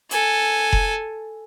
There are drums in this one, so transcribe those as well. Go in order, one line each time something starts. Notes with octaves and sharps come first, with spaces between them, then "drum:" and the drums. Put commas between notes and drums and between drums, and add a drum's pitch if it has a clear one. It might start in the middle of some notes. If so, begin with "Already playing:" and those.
A4 G#5, drum: hi-hat
drum: kick F1